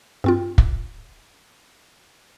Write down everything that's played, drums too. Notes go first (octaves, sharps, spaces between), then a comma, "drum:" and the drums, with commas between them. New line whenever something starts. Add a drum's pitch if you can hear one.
G2 C4 F4
drum: kick